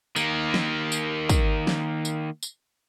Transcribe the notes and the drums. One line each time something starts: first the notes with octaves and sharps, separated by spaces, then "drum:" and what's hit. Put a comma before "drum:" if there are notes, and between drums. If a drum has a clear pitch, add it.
D#3 A#3, drum: tambourine
drum: snare
drum: tambourine
drum: kick, tambourine
drum: snare
drum: tambourine
drum: tambourine